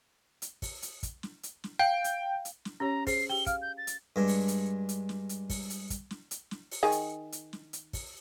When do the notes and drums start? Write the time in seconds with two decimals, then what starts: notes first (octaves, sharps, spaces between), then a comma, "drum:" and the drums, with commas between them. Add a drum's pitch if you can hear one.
0.42 drum: hi-hat
0.62 drum: kick, open hi-hat
0.82 drum: hi-hat
1.03 drum: kick, hi-hat
1.23 drum: snare
1.43 drum: hi-hat
1.64 drum: snare
1.79 F5 G5
2.04 drum: hi-hat
2.45 drum: hi-hat
2.65 drum: snare
2.80 C#4 G4 C#5 A#5
3.07 G#4 C5 C7, drum: kick, open hi-hat
3.29 G4 G5 G7
3.46 F5 F6, drum: kick, hi-hat
3.62 G6
3.78 A6
3.87 drum: hi-hat
4.16 G2 G#3 D4
4.28 drum: open hi-hat
4.48 drum: hi-hat
4.89 drum: hi-hat
5.09 drum: snare
5.29 drum: hi-hat
5.50 drum: kick, open hi-hat
5.70 drum: hi-hat
5.90 drum: kick, hi-hat
6.11 drum: snare
6.31 drum: hi-hat
6.51 drum: snare
6.71 drum: open hi-hat
6.83 D#3 G#4
6.92 drum: hi-hat
7.32 drum: hi-hat
7.53 drum: snare
7.73 drum: hi-hat
7.93 drum: kick, open hi-hat